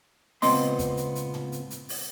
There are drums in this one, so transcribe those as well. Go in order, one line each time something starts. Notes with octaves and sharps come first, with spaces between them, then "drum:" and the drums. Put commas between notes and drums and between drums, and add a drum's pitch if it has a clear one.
C#2 A#2 B3 C4 D#5 C6, drum: open hi-hat
drum: kick, hi-hat
drum: hi-hat
drum: hi-hat
drum: tom
drum: hi-hat
drum: hi-hat
drum: open hi-hat